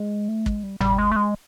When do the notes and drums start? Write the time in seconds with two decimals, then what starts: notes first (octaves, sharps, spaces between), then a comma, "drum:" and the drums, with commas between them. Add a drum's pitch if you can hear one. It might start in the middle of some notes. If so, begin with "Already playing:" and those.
Already playing: G#3
0.28 A3
0.46 G#3, drum: kick
0.63 G3
0.81 G3, drum: tom G1
0.98 G#3
1.12 A3
1.16 G#3